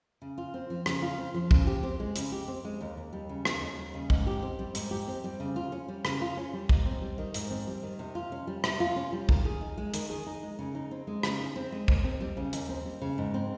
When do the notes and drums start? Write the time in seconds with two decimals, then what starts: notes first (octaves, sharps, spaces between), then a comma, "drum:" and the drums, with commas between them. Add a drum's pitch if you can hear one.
0.22 C#3
0.38 F4
0.54 C4
0.70 F3
0.86 C#3, drum: rim click
1.02 F4
1.18 C4
1.34 F3
1.51 C#3, drum: kick
1.67 G4
1.83 C4
2.00 G#3
2.16 C#3, drum: hi-hat
2.32 G4
2.48 C4
2.64 G#3
2.81 D#2
2.97 D#2
3.13 G3
3.29 C#3
3.45 D#2, drum: rim click
3.62 D#2
3.78 G3
3.94 C#3
4.10 G#2, drum: kick
4.27 G4
4.43 C4
4.59 G3
4.75 G#2, drum: hi-hat
4.91 G4
5.08 C4
5.24 G3
5.40 C#3
5.56 F4
5.72 C#4
5.88 G3
6.05 C#3, drum: rim click
6.21 F4
6.37 C#4
6.53 G3
6.69 G#2, drum: kick
6.85 C4
7.02 G3
7.18 D#3
7.34 G#2, drum: hi-hat
7.50 C4
7.67 G3
7.83 D#3
7.99 C3
8.15 F4
8.32 C#4
8.47 G3
8.64 C3, drum: rim click
8.80 F4
8.96 C#4
9.13 G3
9.29 D#3, drum: kick
9.45 G#4
9.61 D#4
9.78 G#3
9.94 D#3, drum: hi-hat
10.10 G#4
10.26 D#4
10.43 G#3
10.59 C#3
10.75 D#4
10.91 C4
11.07 G#3
11.23 C#3, drum: rim click
11.40 D#4
11.56 C4
11.72 G#3
11.88 D#2, drum: kick
12.04 C4
12.21 G3
12.37 C#3
12.53 D#2, drum: hi-hat
12.69 C4
12.85 G3
13.02 C#3
13.18 G#2
13.34 C4